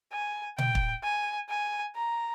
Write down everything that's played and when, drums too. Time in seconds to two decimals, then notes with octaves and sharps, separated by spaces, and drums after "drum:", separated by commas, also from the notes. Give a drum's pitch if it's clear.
0.12 G#5
0.58 G5, drum: tom A#2
0.75 drum: kick
1.03 G#5
1.50 G#5
1.95 A#5